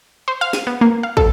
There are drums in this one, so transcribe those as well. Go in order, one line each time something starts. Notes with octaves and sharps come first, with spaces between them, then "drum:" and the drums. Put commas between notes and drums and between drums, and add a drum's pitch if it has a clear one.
C5
F5
D#7, drum: snare
B3
A#3
F5
A4, drum: kick